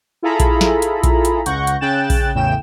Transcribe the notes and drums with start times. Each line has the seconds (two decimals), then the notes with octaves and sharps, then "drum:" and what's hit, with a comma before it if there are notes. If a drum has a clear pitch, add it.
0.22 E4 F4 G#4 A4 A#5 B5
0.40 drum: kick A#1, hi-hat
0.61 drum: snare
0.82 drum: hi-hat
1.03 drum: kick A#1, hi-hat
1.25 drum: hi-hat
1.46 C#2 F#5 C#6 G6 A#6, drum: hi-hat
1.67 drum: hi-hat
1.81 C#3 G5 F#6 A6 E7
2.10 drum: kick A#1, open hi-hat
2.35 E2 A2 C#3 G5 E7